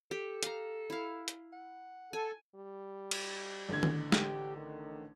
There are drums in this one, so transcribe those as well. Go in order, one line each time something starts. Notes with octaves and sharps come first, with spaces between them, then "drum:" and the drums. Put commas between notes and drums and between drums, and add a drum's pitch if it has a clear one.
G4 A4
F5 A#5, drum: hi-hat
E4 F5
drum: hi-hat
F#5
A4 G#5
G3
drum: cymbal
A1 D3 G#6
drum: tom D#3
G4, drum: snare
D#3